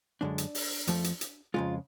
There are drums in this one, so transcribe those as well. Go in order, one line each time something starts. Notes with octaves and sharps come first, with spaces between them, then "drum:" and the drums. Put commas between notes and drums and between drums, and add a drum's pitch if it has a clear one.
F#2 D3 G#3 D4
drum: hi-hat
drum: open hi-hat
F2 F3 A3, drum: hi-hat
drum: hi-hat
drum: hi-hat
F2 C#3 G#3 F4